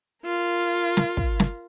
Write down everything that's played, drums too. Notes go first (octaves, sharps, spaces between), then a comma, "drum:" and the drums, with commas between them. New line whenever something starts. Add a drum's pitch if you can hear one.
F4 A#4
drum: snare
drum: kick
drum: snare